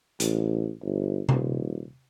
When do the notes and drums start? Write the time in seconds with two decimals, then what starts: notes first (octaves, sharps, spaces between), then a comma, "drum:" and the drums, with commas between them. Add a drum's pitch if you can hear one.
0.20 A1, drum: hi-hat
0.84 G1
1.29 D#1, drum: tom C3